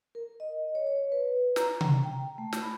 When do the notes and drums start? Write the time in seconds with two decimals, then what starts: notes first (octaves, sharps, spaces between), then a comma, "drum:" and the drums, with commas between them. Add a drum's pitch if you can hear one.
0.15 A#4
0.40 D#5
0.75 C#5
0.87 C#5
1.12 B4
1.56 A#5, drum: snare
1.81 drum: tom C3
2.04 G5
2.38 A3
2.53 drum: snare
2.62 B5